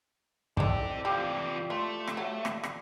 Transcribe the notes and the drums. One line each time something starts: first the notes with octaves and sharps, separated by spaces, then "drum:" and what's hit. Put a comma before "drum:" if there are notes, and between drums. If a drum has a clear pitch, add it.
D#3 E3 C4 G4 A4 D5, drum: kick
C3 E3 F3 G3 G4
A3 F4
drum: rim click
F#3
drum: rim click
drum: rim click